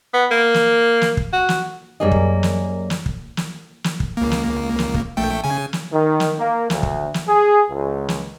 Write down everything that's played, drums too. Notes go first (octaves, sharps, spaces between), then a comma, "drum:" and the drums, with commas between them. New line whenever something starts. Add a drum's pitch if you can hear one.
B3
A#3
drum: snare
drum: snare
drum: kick
F#4
drum: snare
F#2 G3 A#3 G#4 D#5
drum: kick
drum: snare
drum: snare
drum: kick
drum: snare
drum: snare
drum: kick
C#2 A#3
drum: snare
drum: snare
drum: kick
A#1 A3 G5
C#3 G#5
drum: snare
D#3
drum: snare
A#3
D2, drum: snare
drum: kick
drum: snare
G#4
C#2
drum: snare